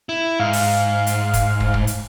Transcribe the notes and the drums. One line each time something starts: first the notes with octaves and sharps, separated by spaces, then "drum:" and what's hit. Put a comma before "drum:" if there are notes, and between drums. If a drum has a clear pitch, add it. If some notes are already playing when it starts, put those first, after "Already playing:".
E4
G#2 F5
drum: open hi-hat
drum: hi-hat
drum: kick, hi-hat
drum: kick
drum: kick
drum: hi-hat